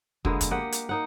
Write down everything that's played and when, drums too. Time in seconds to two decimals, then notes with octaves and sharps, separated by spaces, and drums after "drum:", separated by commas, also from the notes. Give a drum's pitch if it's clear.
0.25 D3 G#3 A#3 B3, drum: kick
0.41 drum: kick, hi-hat
0.51 A#3 G4 D#5 F#5
0.72 drum: hi-hat
0.89 A#3 D#4 F#5